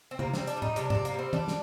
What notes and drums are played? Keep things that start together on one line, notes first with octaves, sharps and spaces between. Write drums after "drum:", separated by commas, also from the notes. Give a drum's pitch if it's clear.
C4
C3 A#3, drum: tom
G3 C4, drum: snare
D4, drum: hi-hat
G3
D#4, drum: tom A2
C3 D4, drum: hi-hat
C3 D4, drum: tom G#2
A#3, drum: hi-hat
G3 C4
G3 D4, drum: tom
drum: snare